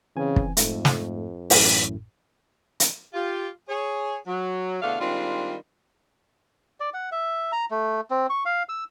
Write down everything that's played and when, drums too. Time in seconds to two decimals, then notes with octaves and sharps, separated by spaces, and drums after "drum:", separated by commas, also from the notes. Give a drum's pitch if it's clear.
0.16 C#3 E3 C4 G#5
0.36 drum: kick
0.57 F2 G#2 A3, drum: hi-hat
0.85 drum: snare
1.50 A1 F#2 A2, drum: open hi-hat
2.80 drum: hi-hat
3.14 F4 G4
3.69 G#4 C#5
4.27 F#3
4.82 E2 B2 D3 A3 F5
5.00 D#3 G3 G#3 C4 D4 F4
6.80 D5
6.94 F#5
7.12 E5
7.52 A#5
7.71 A3
8.10 C4
8.30 C#6
8.45 F5
8.69 E6